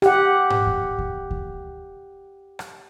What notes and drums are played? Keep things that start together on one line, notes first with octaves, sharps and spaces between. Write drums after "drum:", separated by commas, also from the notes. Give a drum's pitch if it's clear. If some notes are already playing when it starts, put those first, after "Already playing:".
G4 F#5, drum: rim click
drum: tom G#2
drum: kick D2
drum: kick D2
drum: kick D2
drum: rim click